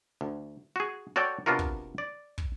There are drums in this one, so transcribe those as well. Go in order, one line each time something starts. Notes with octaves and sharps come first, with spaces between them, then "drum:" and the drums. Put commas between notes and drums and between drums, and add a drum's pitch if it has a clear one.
D2
F#4 G#4
F#4 A4 C#5 D5 G5
C3 B3 D4 F4 F#4 A#4
drum: kick
D5
drum: kick